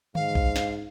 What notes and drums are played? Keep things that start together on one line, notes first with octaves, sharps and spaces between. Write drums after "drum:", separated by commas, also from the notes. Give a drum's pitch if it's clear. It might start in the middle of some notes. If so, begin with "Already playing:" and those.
G#2 F5, drum: tom D3
drum: kick A#1
drum: snare